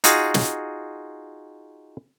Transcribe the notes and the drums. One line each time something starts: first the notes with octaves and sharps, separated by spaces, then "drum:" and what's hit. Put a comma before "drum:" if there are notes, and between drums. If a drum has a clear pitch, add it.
D#4 F4 F#4 G#4, drum: hi-hat
drum: snare